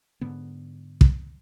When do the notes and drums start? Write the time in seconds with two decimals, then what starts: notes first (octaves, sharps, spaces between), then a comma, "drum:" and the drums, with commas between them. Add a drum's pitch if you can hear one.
0.21 G#2 D3 B3
1.01 drum: kick